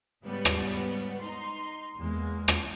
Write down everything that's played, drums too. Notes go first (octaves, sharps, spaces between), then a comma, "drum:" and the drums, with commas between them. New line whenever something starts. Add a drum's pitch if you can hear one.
G#2 C#3 G3 B3
drum: rim click
D#4 C6
E2 G#3 A#3
drum: rim click